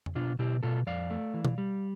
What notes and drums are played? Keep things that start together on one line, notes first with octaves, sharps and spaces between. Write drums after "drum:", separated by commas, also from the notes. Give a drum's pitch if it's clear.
drum: tom F2
B2 D4 F4
B2 E4 G4
B2 F4 A4
F2 D5 F5
A3
E3
drum: tom B2
G3